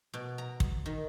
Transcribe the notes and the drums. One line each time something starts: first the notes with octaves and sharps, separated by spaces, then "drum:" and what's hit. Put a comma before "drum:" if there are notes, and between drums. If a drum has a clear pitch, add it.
B2
A#5
drum: kick
D#3